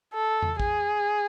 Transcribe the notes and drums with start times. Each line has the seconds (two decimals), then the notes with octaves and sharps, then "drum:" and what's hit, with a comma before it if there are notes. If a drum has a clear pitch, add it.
0.14 A4
0.42 drum: tom E2
0.60 G#4, drum: kick